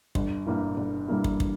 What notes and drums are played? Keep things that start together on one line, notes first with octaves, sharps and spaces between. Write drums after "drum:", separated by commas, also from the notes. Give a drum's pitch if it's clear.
G1, drum: kick
G2 G3 A#3 E4
G1
G2 G3 A#3 E4
drum: kick
drum: kick